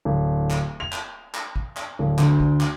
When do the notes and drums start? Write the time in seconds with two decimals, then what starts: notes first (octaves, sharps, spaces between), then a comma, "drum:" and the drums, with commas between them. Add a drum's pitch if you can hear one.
0.05 D1
0.51 drum: clap
0.80 F7
0.93 drum: clap
1.35 drum: clap
1.56 drum: kick
1.77 drum: clap
1.99 D1
2.19 D2, drum: clap
2.40 drum: kick
2.61 drum: clap